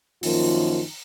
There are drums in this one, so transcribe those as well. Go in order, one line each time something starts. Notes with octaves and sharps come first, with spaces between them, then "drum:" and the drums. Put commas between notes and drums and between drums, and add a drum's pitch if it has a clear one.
F#2 D#3 F3 A#3 F4, drum: open hi-hat